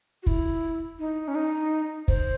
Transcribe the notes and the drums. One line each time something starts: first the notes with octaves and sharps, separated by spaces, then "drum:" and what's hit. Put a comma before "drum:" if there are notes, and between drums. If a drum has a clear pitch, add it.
F#4
E4, drum: kick
D#4
C#4
D#4
C5, drum: kick